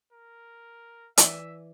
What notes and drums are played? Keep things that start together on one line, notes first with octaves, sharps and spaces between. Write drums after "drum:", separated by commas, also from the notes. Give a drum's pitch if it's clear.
A#4
E3 D5 E5 G#5, drum: hi-hat